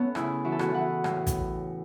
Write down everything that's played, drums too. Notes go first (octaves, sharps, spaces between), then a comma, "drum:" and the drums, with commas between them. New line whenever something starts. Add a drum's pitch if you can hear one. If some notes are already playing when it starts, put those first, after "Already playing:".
Already playing: A3 B3 C#4
C#3 E4, drum: rim click
E3 F#4
A4
F#4, drum: rim click
E3 F#5
A2, drum: rim click
drum: kick, hi-hat